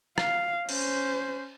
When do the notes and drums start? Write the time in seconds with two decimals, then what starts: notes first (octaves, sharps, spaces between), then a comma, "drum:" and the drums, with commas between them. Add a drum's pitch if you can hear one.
0.18 F5, drum: rim click
0.69 C#4 C5, drum: cymbal